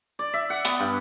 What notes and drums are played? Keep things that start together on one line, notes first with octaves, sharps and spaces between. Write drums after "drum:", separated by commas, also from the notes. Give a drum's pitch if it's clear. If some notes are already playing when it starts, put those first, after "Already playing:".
D5
E5
F#5
B3, drum: hi-hat
G2